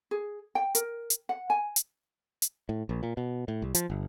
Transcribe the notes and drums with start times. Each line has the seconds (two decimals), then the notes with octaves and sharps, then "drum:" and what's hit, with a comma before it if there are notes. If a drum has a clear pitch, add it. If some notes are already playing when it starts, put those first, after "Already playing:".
0.11 G#4
0.55 G5
0.75 A#4, drum: hi-hat
1.10 drum: hi-hat
1.29 F#5
1.50 G#5
1.76 drum: hi-hat
2.42 drum: hi-hat
2.69 A2
2.89 A#1
3.03 A#2
3.17 B2
3.48 A2
3.62 C2
3.75 F3, drum: hi-hat
3.90 G1